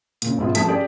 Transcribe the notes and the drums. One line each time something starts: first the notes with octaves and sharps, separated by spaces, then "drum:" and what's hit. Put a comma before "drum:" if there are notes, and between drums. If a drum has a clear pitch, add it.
A#2 C#3, drum: hi-hat
G#1 F#2 B2 G#3 F4
G2 F3 A3 G#4 A5 B6, drum: hi-hat
C#4 G4 G#4 D5